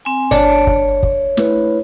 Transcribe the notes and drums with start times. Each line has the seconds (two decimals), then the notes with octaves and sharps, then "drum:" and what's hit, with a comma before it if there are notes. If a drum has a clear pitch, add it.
0.05 C4 G#5
0.31 G1 D4 C#5, drum: hi-hat
0.67 drum: kick
1.03 drum: kick
1.37 A3 E4 B4, drum: snare